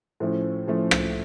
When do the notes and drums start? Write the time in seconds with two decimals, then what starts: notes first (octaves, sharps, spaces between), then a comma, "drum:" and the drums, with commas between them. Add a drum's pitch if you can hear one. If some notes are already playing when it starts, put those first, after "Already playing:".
0.20 A2 F3 A3 C#4
0.68 A2 F3 A3 C#4
0.91 drum: rim click